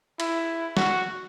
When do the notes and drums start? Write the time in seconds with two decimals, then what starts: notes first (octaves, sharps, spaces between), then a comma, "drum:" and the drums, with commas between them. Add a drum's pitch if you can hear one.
0.20 E4, drum: cymbal
0.77 F#4, drum: snare